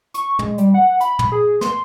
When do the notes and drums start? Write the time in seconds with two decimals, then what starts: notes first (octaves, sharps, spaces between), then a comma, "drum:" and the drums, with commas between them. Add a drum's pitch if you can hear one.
0.14 C#6, drum: hi-hat
0.39 G#3, drum: tom
0.58 G3, drum: hi-hat
0.74 F#5
1.01 B5, drum: hi-hat
1.19 drum: tom
1.32 G#4
1.61 C6, drum: snare